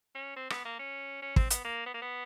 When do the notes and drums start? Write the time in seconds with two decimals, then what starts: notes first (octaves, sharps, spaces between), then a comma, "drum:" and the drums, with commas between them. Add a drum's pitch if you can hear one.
0.15 C#4
0.36 C4
0.50 B3, drum: rim click
0.65 A#3
0.79 C#4
1.22 C#4
1.36 C4, drum: kick
1.50 B3, drum: hi-hat
1.65 A#3
1.86 B3
1.94 A#3
2.02 B3